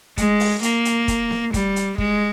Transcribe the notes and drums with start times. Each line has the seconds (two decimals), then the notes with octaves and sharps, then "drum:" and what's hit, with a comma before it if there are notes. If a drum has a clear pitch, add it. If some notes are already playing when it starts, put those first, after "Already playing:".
0.18 G#3, drum: kick, hi-hat
0.40 drum: open hi-hat
0.63 A#3, drum: hi-hat
0.85 drum: hi-hat
1.08 drum: kick, hi-hat
1.31 drum: snare B3
1.54 G3, drum: kick, hi-hat
1.76 drum: hi-hat
1.98 G#3, drum: kick